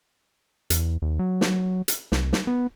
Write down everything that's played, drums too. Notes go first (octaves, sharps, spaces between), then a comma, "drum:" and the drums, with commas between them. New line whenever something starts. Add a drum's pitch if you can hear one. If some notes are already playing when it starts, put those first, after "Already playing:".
E2, drum: hi-hat
D#2
F#3
drum: snare
drum: hi-hat
C2, drum: snare
drum: snare
B3